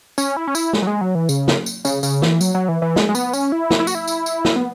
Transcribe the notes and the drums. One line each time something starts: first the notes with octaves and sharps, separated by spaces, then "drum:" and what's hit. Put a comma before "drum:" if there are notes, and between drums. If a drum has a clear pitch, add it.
C#4, drum: tambourine
E4
C#4
E4, drum: tambourine
G#3, drum: snare
F#3
G#3
F#3
E3
C#3, drum: tambourine
drum: snare
drum: tambourine
C#3, drum: tambourine
C#3, drum: tambourine
E3, drum: snare
F#3, drum: tambourine
F#3
E3
E3
G#3, drum: snare
G#3
B3, drum: tambourine
C#4, drum: tambourine
E4
drum: snare
E4
F#4, drum: tambourine
E4
drum: tambourine
drum: tambourine
drum: snare
B3